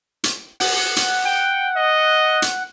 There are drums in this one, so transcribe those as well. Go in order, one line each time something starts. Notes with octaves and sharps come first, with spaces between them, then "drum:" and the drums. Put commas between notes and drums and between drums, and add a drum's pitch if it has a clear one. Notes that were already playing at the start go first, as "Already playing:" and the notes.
drum: hi-hat
F#5, drum: open hi-hat
drum: hi-hat
G5
D#5
drum: hi-hat